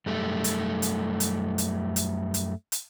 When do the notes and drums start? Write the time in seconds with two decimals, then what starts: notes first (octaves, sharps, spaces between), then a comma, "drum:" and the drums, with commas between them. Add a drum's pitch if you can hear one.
0.06 F#2 G3 A3
0.44 drum: hi-hat
0.82 drum: hi-hat
1.20 drum: hi-hat
1.58 drum: hi-hat
1.96 drum: hi-hat
2.34 drum: hi-hat
2.72 drum: hi-hat